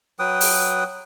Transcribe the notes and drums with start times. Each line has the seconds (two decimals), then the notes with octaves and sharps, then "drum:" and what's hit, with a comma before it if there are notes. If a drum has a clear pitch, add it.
0.19 F#3 B4 G5 D#6
0.41 drum: open hi-hat